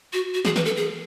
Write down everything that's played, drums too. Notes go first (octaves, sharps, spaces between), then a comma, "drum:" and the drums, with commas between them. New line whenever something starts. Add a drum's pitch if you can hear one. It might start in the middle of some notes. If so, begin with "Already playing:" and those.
F#4
F#4
G#4, drum: snare
B4, drum: snare
A4
G#4